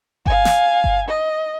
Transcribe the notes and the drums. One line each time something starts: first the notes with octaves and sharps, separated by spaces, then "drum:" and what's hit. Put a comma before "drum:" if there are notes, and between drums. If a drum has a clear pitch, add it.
F5 G#5, drum: kick G1
drum: snare
drum: kick G1
D#5